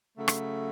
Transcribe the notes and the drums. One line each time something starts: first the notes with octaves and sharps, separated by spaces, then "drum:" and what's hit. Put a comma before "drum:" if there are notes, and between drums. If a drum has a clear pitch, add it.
C#3 F#3 A3
drum: rim click